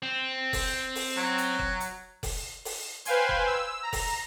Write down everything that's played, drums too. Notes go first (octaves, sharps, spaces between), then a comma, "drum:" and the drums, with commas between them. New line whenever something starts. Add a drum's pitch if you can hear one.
C4
drum: kick F1, open hi-hat
drum: open hi-hat
F#3
drum: hi-hat
drum: kick F1
drum: hi-hat
drum: kick F1, open hi-hat
drum: open hi-hat
B4 C5 F5 G5 G#5 C6, drum: hi-hat
drum: kick F1
E6
A#5
drum: kick F1, open hi-hat